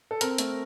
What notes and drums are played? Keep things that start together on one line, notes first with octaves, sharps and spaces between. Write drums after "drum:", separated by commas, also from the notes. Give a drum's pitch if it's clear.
A4
C4 A#4, drum: hi-hat
A3, drum: hi-hat